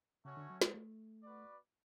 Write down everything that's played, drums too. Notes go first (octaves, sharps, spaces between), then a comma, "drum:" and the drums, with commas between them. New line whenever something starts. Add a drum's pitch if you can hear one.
C#3 A3 C#4 F#4 C#5
D3
F#3
G#3, drum: snare
A3
B3 F#4 B4 D5